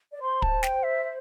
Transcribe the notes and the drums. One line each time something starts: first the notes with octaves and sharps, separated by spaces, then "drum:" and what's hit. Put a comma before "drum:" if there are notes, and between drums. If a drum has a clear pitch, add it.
D5
C5 C6
A5, drum: kick
G5, drum: snare
E5
E5